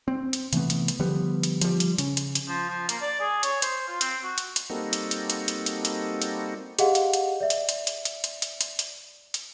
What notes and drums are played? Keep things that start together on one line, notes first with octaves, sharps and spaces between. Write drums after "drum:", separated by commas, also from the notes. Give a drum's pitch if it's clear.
C4
drum: hi-hat
C3 E3 A3 B3, drum: hi-hat
drum: hi-hat
drum: hi-hat
D3 F3 G3 B3
drum: hi-hat
F3 G3, drum: hi-hat
drum: hi-hat
C#3, drum: hi-hat
drum: hi-hat
drum: hi-hat
F3
F3
A#3, drum: hi-hat
D5
G#4
C#5, drum: hi-hat
C5, drum: hi-hat
F4
C4, drum: hi-hat
F#4
drum: hi-hat
drum: hi-hat
G3 A#3 C4 D#4 F#4 A4
drum: hi-hat
drum: hi-hat
drum: hi-hat
drum: hi-hat
drum: hi-hat
drum: hi-hat
drum: hi-hat
G4 G#4 D#5 F5 F#5, drum: hi-hat
drum: hi-hat
drum: hi-hat
D5 E5
drum: hi-hat
drum: hi-hat
drum: hi-hat
drum: hi-hat
drum: hi-hat
drum: hi-hat
drum: hi-hat
drum: hi-hat
drum: hi-hat